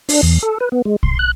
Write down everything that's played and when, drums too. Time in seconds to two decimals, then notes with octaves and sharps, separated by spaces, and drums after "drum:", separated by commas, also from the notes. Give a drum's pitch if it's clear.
0.09 D4, drum: open hi-hat
0.23 E2
0.43 A4
0.60 B4
0.72 B3
0.85 G#3
1.03 C6, drum: kick
1.19 F#6